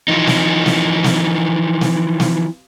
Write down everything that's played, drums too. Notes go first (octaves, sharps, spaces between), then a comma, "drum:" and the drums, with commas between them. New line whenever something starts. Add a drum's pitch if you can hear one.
E3 F3 D#4
drum: snare
drum: snare
drum: snare
drum: snare
drum: snare